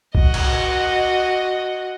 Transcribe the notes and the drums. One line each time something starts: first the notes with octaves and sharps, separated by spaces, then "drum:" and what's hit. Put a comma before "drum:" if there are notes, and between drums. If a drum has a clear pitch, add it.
F#4 D#5, drum: kick C2
drum: cymbal